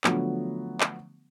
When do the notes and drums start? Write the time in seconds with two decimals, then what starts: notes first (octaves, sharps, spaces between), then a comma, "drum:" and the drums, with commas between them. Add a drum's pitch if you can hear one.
0.04 D3 F3 F#3 A3 B3, drum: clap
0.80 drum: clap